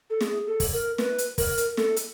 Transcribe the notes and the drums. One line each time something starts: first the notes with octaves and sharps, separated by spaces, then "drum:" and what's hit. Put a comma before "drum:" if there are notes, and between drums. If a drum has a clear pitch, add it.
A4
G#4, drum: snare
A4
drum: kick, open hi-hat
A#4
B4, drum: snare
drum: hi-hat
A#4, drum: kick, open hi-hat
drum: hi-hat
A4, drum: snare
drum: hi-hat